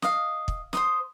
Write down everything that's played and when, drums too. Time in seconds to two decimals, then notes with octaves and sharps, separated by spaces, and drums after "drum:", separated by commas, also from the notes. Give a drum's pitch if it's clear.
0.02 D#5 F5, drum: snare
0.48 drum: kick
0.73 C5 C6 D#6, drum: snare